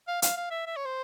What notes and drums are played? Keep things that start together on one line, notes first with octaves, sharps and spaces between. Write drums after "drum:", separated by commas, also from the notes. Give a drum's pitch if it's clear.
F5
F5, drum: hi-hat
F5
E5
E5
C#5
C5